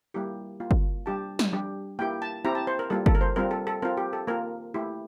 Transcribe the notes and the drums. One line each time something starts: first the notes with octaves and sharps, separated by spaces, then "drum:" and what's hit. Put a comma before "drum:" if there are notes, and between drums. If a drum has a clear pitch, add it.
G3 A#3 E4 G4
A#3 F4
drum: kick G1
G3 D4 G4 A5
drum: snare
G3 D4 G4
A#3 E4 G4 G5
A5
C4 E4 G4 A#5
A5
C5
A#4
G3 A#3 F4 A4
A4, drum: kick G1
A#4
C5
G3 C4 F4 A#4
A4
A4
C4 F4 A#4
G4
A4
A#3 F4 A#4
A3 E4 G4